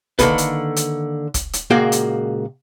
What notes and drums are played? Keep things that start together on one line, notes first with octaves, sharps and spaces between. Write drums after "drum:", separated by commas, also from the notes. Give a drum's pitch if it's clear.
D3 D#3 A#3 G#4 A4 B4, drum: kick, hi-hat
drum: hi-hat
drum: hi-hat
drum: kick, hi-hat
drum: hi-hat
C#2 A#2 A#3 F#4 G#4 G5
drum: hi-hat